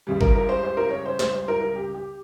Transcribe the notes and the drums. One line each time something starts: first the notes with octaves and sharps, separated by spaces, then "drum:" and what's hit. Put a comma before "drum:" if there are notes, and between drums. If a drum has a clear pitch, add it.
C#2 C#3 G3
A#4, drum: kick G1
A#4
C5
C5
A#4
C#5
C5
C5, drum: snare
C5
A#4
A#4
G4
G4